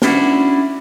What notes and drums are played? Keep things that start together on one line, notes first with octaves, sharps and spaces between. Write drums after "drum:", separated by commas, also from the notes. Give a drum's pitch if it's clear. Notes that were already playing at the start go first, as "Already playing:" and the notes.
C#4 D4 E4 F#4, drum: snare